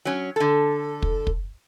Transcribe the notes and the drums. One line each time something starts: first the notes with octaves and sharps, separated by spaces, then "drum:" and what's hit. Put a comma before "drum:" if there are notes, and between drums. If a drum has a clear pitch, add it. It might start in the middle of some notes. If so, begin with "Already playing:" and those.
F#3 C#4
D3 A4
drum: kick
drum: kick